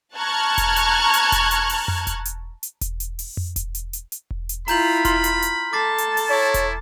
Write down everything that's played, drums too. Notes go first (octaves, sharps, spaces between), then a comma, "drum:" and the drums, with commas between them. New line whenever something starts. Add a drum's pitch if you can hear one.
A5 A#5 C#6 F6 F#6 G#6
drum: kick E1, hi-hat
drum: hi-hat
drum: hi-hat
drum: kick E1, hi-hat
drum: hi-hat
drum: open hi-hat
drum: tom F2
drum: kick E1, hi-hat
drum: hi-hat
drum: hi-hat
drum: kick E1, hi-hat
drum: hi-hat
drum: open hi-hat
drum: tom F2
drum: kick E1, hi-hat
drum: hi-hat
drum: hi-hat
drum: hi-hat
drum: kick E1
drum: hi-hat
E4 F4 A#5 B5 G6 F#7, drum: open hi-hat
C6 F6, drum: kick E1, hi-hat
drum: hi-hat
drum: hi-hat
A4 A5 D6 A6 C7
drum: hi-hat
drum: open hi-hat
E4 C#5
drum: kick E1, hi-hat